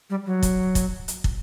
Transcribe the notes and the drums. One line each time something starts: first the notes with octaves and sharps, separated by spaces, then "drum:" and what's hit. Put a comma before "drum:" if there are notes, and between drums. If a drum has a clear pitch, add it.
G3
F#3
drum: kick, hi-hat
drum: kick, hi-hat
drum: hi-hat
drum: kick